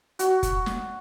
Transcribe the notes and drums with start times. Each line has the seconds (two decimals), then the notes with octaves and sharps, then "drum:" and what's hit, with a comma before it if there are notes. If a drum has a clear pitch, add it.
0.19 F#4, drum: hi-hat
0.43 drum: kick F1, hi-hat
0.66 drum: snare